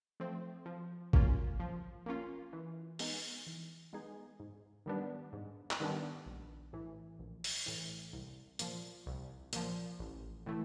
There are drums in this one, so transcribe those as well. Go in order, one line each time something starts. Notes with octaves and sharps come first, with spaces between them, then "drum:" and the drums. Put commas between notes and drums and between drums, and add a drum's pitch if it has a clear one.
F3 A3 C4
F3
A#3 C#4 F4, drum: kick
F3
A#3 C#4 F4
E3
G#3 B3 D#4 G#4, drum: open hi-hat
E3
G#3 B3 D#4 G#4
G#2
D#3 G3 B3 D4
G#2
drum: clap
D#3 G3 B3 D4
A#1
A2 E3
A#1
drum: open hi-hat
A2 E3
C2
A#2 F3, drum: hi-hat
C2
A#2 F3, drum: hi-hat
A1
A2 E3 A3